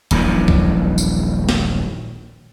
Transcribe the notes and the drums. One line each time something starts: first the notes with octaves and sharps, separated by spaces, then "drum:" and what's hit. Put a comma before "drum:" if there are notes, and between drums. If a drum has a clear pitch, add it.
D#1 A#1 F#2 E3, drum: hi-hat
drum: kick
drum: tambourine
drum: snare